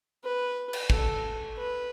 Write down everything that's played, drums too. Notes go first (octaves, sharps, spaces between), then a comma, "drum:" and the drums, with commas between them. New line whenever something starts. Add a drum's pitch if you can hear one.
B4
drum: cymbal
A4, drum: kick
B4